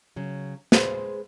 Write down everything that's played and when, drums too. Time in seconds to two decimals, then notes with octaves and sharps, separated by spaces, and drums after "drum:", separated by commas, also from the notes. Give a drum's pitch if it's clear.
0.16 C#3 F#3
0.72 G#3 G#4 B4 C5, drum: snare